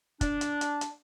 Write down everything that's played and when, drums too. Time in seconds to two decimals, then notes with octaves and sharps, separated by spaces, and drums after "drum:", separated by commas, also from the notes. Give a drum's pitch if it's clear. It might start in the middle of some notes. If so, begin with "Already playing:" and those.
0.21 D4, drum: kick, hi-hat
0.41 drum: hi-hat
0.61 drum: hi-hat
0.81 drum: hi-hat